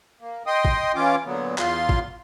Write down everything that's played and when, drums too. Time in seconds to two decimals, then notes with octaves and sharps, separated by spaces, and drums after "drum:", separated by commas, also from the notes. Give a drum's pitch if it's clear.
0.21 A#3
0.47 D#5 G5 C6 D#6
0.65 drum: kick
0.95 E3 C#4 F4 D6
1.26 A#2 D3 F#3 B3
1.58 E2 F4 C6, drum: clap
1.89 drum: kick